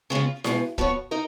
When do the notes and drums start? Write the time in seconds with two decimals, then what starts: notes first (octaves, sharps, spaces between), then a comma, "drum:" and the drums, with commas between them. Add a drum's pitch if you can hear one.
0.10 C#3 G#3 B3 F4
0.44 B2 G#3 B3, drum: snare E4
0.78 F3 B3 F#4 C#5, drum: kick
1.11 D#4 A#4